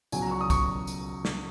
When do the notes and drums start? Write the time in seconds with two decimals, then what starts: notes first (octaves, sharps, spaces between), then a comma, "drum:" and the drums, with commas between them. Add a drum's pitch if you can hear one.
0.12 C#2 B2 F#3 G#5, drum: tambourine
0.22 A#5
0.31 C#6
0.41 D#6
0.50 C#6, drum: kick, tambourine
0.87 drum: tambourine
1.25 drum: snare